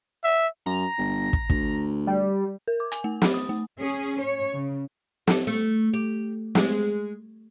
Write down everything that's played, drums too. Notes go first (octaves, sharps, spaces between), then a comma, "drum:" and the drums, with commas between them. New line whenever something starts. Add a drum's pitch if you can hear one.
E5
F#2 A#5
G1
drum: kick
D2, drum: kick
G3
A#4
D6
G#5, drum: hi-hat
A3
B5, drum: snare
D#6
A3
C#4 G#4
C#5
C#3
A4, drum: snare
A3
G4
G#3, drum: snare